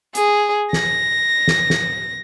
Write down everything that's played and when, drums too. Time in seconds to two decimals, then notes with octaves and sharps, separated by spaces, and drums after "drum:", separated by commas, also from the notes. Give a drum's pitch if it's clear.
0.15 G#4, drum: hi-hat
0.73 A#6, drum: snare
1.48 drum: snare
1.70 drum: snare